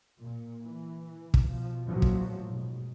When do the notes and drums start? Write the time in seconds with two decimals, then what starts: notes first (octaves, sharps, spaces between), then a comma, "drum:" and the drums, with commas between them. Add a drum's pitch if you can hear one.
0.20 A#2
0.65 E3
1.34 drum: kick
1.45 B2 F3
1.85 A1 E2 A#2 F3 F#3
2.02 drum: kick
2.46 G#2 B2